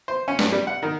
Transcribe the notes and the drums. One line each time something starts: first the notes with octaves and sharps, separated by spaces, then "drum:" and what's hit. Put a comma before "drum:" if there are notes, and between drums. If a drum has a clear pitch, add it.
C5
C#4
G2, drum: snare
G3
F#5
D#3